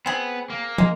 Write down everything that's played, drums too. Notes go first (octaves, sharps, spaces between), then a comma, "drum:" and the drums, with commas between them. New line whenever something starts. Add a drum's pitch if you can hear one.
B3 C4 G#4
A#3
G#3, drum: tom